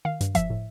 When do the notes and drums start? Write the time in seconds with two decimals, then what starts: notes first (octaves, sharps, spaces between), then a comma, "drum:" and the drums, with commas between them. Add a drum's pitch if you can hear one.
0.05 D#3 F5
0.21 G2, drum: hi-hat
0.35 F3 E5, drum: kick F#1, hi-hat
0.50 A2